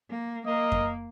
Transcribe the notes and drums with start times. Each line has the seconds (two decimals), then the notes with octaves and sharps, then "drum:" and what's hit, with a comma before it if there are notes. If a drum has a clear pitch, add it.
0.10 A#3
0.47 A#3 A#4 D#5
0.72 drum: kick F2